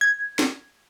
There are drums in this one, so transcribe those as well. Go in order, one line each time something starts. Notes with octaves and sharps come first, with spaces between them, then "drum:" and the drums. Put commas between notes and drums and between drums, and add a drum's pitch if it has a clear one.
G#6
drum: snare